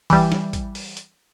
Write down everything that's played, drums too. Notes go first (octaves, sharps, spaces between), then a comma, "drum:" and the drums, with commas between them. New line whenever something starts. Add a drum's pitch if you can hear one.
E3 G3, drum: kick, open hi-hat
drum: snare
drum: kick, hi-hat
drum: open hi-hat
drum: hi-hat